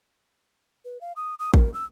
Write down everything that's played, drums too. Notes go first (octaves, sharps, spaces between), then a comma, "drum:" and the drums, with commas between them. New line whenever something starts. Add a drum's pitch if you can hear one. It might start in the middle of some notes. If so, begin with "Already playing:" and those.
B4
F5
D#6
D#6
A#4, drum: kick A1
E6